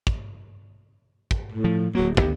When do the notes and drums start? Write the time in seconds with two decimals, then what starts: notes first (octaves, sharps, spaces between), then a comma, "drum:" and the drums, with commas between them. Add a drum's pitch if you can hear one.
0.07 drum: kick
1.31 drum: kick
1.52 A2
1.64 F3
1.95 D1 F#3 A#3
2.17 D2 D#3 B3 G4, drum: kick